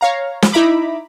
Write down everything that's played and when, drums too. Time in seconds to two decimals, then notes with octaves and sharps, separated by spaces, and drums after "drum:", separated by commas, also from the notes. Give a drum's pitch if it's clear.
0.01 C#5 F5 A#5
0.42 drum: snare
0.52 D#4 E4 E5 A#5 B5 D6